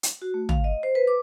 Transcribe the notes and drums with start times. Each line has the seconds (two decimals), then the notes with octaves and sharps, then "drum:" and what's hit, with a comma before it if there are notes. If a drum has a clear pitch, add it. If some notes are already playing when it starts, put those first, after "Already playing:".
0.03 drum: hi-hat
0.22 F#4
0.34 A3
0.49 F5, drum: tom
0.64 D#5
0.83 C5
0.95 B4
1.07 D6